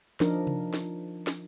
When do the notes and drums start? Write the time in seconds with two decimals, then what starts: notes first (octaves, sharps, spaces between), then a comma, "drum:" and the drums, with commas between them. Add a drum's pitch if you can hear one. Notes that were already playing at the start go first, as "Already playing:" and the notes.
0.20 F3 D4 D#4 A#4, drum: snare
0.47 drum: tom C3
0.74 drum: snare
1.27 drum: snare